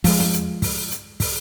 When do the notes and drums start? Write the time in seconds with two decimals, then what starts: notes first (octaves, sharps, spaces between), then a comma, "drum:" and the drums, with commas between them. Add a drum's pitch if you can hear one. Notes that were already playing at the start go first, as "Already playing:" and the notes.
0.04 F3 G#3, drum: kick, open hi-hat
0.19 drum: tom
0.33 drum: hi-hat
0.62 drum: kick, open hi-hat
0.91 drum: hi-hat
1.20 drum: kick, open hi-hat